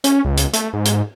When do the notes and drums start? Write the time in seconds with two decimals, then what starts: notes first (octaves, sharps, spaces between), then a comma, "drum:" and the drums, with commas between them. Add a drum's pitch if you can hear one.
0.04 C#4, drum: hi-hat
0.25 C#2
0.37 drum: hi-hat
0.53 A3, drum: hi-hat
0.73 G#2
0.85 drum: hi-hat